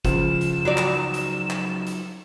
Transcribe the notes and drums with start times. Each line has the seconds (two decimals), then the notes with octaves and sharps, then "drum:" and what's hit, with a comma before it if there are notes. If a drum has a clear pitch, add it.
0.05 C#2 F3 E7, drum: kick F#1, hi-hat
0.41 drum: hi-hat
0.65 F#3 D#4 D5
0.77 drum: clap
1.14 drum: hi-hat
1.50 drum: clap
1.87 drum: hi-hat